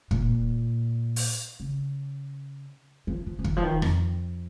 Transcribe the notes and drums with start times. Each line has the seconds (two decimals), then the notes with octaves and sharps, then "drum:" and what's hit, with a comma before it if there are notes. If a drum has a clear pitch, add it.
0.11 A#2, drum: kick
1.16 drum: open hi-hat
1.60 C#3
3.07 F3
3.26 F3
3.39 F3
3.44 D#3, drum: kick
3.57 F3
3.63 D#3
3.82 F2, drum: rim click